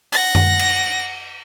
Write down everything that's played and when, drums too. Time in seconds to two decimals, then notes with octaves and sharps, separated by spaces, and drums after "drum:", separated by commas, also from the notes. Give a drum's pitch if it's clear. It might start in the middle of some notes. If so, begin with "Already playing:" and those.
0.12 F#5 A#6, drum: open hi-hat
0.35 drum: tom F#2
0.59 drum: cymbal